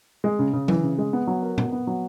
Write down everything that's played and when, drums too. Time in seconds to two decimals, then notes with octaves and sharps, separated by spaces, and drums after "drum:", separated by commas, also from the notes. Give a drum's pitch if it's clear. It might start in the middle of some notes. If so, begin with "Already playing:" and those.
0.24 G#3
0.39 C#3
0.53 C#3
0.68 E3, drum: tom F#3
0.83 C#3
0.98 G#3
1.13 B3
1.27 F#3
1.42 A#4
1.58 B3, drum: tom A#2
1.72 B3
1.87 F#3